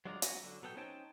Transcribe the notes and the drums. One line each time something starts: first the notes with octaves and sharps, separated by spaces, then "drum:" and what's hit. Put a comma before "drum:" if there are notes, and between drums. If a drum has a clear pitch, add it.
F#3 G#3 D4 F4 D5 A#5
C#4 E4 F#4 G#5, drum: hi-hat
D3 F#3
B2 F#3 B3 A4 G5
C#4 D#4 C5 C#5 G5 A5